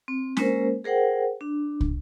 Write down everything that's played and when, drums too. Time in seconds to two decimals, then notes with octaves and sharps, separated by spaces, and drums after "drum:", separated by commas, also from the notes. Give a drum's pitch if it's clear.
0.08 C4
0.37 G#3 A#3 C#4 A#4 C5, drum: snare
0.84 G#4 A#4 C5 F#5 G5
1.41 D4
1.81 drum: kick